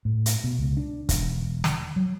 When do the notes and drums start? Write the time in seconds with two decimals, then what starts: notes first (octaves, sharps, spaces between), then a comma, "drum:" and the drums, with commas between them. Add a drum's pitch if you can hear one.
0.05 A2
0.26 drum: hi-hat
0.44 B2
0.58 C#2
0.77 D4
1.09 E1, drum: kick, hi-hat
1.64 drum: snare
1.96 F#3